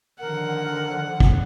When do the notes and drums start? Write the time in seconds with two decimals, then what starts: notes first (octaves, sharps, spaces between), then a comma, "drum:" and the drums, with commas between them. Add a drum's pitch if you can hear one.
0.20 D3 D#3 F3 A#4 F#5
1.20 drum: kick